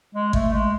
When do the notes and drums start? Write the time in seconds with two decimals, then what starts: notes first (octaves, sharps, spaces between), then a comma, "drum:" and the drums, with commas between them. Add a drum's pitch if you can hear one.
0.15 G#3
0.33 A3, drum: kick
0.53 G#3